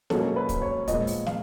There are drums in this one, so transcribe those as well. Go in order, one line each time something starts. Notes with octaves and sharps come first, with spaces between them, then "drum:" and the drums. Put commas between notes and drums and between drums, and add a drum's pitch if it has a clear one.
B2 F#3 A#3 C#4 A4, drum: snare
B4
drum: kick, hi-hat
C#5
A#2 F3 G#3 B3 D#5, drum: kick, hi-hat
drum: open hi-hat
F5, drum: snare